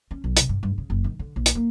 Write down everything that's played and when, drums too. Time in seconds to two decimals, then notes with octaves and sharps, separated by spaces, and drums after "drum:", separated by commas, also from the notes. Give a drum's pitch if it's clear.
0.11 C#4
0.24 B1
0.37 C3, drum: hi-hat
0.49 G2
0.63 G2
0.78 C#3
0.90 F#1
1.04 D#3
1.19 D3
1.36 A#1
1.46 drum: hi-hat
1.55 A#3